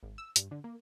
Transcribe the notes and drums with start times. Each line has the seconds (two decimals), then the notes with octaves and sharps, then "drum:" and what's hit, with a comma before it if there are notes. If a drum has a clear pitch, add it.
0.03 G#1
0.18 E6
0.36 G2, drum: hi-hat
0.51 D3
0.64 A#3